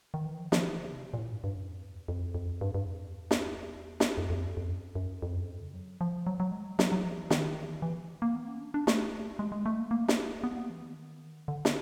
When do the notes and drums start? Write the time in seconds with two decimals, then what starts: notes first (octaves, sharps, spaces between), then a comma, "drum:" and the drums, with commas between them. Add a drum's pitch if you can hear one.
0.14 D#3
0.26 E3
0.39 F3
0.52 F3, drum: snare
0.65 E3
0.79 D3
0.92 C3
1.14 A#2
1.18 A2
1.31 G2
1.44 G2
1.57 F#2
1.69 F2
1.83 E2
2.08 F2
2.35 F2
2.61 G2
2.75 G2
2.87 F2
3.01 E2
3.31 drum: snare
4.00 drum: snare
4.17 F2
4.30 F2
4.43 F#2
4.57 F2
4.69 F#2
4.95 F#2
5.22 F2
5.35 F#2
5.47 G2
5.61 C#3
5.74 F#3
6.01 F3
6.27 F#3
6.40 F#3
6.52 G#3
6.65 G3
6.79 F#3, drum: snare
6.92 F#3
7.04 F3
7.17 E3
7.30 D#3, drum: snare
7.56 E3
7.82 E3
8.22 A#3
8.34 B3
8.48 C#4
8.61 D4
8.74 D4
8.87 A3, drum: snare
9.39 G#3
9.52 G#3
9.66 A3
9.79 A#3
9.91 A#3
10.08 drum: snare
10.44 B3
10.56 A#3
10.70 E3
10.82 D#3
11.48 D3
11.65 drum: snare